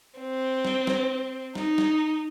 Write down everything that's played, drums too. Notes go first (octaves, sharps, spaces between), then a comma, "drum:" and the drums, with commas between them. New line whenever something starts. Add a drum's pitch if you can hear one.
C4
drum: snare
drum: snare
D#4, drum: snare
drum: snare